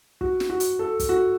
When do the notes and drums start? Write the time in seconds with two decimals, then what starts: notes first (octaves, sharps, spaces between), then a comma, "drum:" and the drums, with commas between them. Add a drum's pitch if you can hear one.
0.21 F#4, drum: kick
0.40 drum: snare
0.50 F#4
0.60 drum: hi-hat
0.79 A4
1.00 drum: kick, hi-hat
1.09 F#4